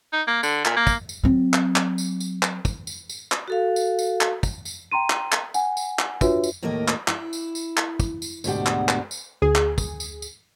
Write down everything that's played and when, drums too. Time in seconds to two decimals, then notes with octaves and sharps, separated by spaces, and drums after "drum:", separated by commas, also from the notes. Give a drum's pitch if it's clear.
0.13 D#4
0.28 A#3
0.43 D3, drum: tambourine
0.65 A#2, drum: clap
0.76 A#3
0.87 drum: kick, tambourine
1.09 drum: tambourine
1.23 F#3 C4
1.54 drum: clap
1.76 drum: clap
1.98 drum: tambourine
2.20 drum: tambourine
2.43 drum: clap
2.65 drum: kick, tambourine
2.87 drum: tambourine
3.09 drum: tambourine
3.32 drum: clap
3.48 F#4 A4 F5
3.76 drum: tambourine
3.99 drum: tambourine
4.21 drum: clap
4.43 drum: kick, tambourine
4.65 drum: tambourine
4.92 G5 A#5 C6 D#7
5.10 drum: clap
5.32 drum: clap
5.54 F#5 G#5, drum: tambourine
5.77 drum: tambourine
5.99 drum: clap
6.21 D4 F4 F#4 B4 C#5 E5, drum: kick, tambourine
6.44 drum: tambourine
6.62 D#2 A2 A#3 A#4 D#5
6.88 drum: clap
7.08 E4, drum: clap
7.33 drum: tambourine
7.55 drum: tambourine
7.77 drum: clap
8.00 drum: kick, tambourine
8.22 drum: tambourine
8.44 D2 G#2 B2 D4 G4 F#5, drum: tambourine
8.66 drum: clap
8.89 drum: clap
9.11 drum: tambourine
9.42 D2 G#4
9.55 drum: clap
9.78 drum: kick, tambourine
10.00 drum: tambourine
10.22 drum: tambourine